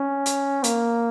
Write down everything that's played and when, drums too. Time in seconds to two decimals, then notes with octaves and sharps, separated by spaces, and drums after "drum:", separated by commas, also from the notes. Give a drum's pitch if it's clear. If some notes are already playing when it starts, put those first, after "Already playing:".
Already playing: C#4
0.26 drum: hi-hat
0.64 A#3, drum: hi-hat